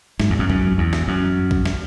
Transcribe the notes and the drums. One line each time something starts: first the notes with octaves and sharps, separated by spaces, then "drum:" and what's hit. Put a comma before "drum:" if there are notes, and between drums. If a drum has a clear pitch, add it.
G#2, drum: snare
E2
F#2
F#2, drum: kick A#1
E2
drum: snare
F#2
drum: kick A#1
drum: snare